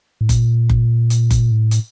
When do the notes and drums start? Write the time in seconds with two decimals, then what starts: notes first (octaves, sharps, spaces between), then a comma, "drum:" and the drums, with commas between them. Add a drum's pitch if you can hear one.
0.21 A2
0.29 A#2, drum: kick F#1, hi-hat
0.70 drum: kick F#1
1.10 drum: hi-hat
1.31 drum: kick F#1, hi-hat
1.51 A2
1.71 drum: hi-hat